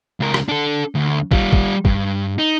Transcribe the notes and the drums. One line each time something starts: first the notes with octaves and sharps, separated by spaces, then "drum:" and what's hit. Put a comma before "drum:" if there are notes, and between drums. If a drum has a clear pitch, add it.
C#2 A#4
drum: rim click
D4 A4
D2
G3 F4, drum: kick
drum: kick
G2, drum: kick
D#4